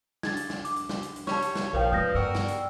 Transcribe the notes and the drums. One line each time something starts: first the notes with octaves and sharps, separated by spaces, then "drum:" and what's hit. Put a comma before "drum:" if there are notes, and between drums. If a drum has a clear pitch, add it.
D4 G#6 A6, drum: snare
drum: hi-hat
drum: snare
D6, drum: hi-hat
drum: hi-hat
drum: snare
drum: hi-hat
drum: hi-hat
G3 C#5 A5 C#6, drum: snare
drum: hi-hat
drum: snare
A#1 G2 F3 A#4 C#5 F5 G5
G#3 C#4 B4 D5 D#6 G6 A#6
G2 B2 F#4 A#4 D5 G5 E6
drum: snare
drum: hi-hat